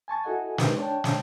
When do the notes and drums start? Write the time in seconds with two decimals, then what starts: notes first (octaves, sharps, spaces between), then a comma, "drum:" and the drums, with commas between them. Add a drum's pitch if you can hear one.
0.08 G#5 A5 C#6 A6
0.24 E4 F#4 A4 D#5 F#5 G#5
0.58 D4 D#4 G4 A#4 B4, drum: snare
0.76 D4 C#5 G5 A5
1.04 drum: snare